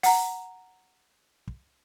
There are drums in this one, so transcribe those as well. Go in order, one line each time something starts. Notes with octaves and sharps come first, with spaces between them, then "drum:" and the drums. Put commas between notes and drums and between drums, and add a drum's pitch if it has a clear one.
F#5 A#5, drum: open hi-hat
drum: kick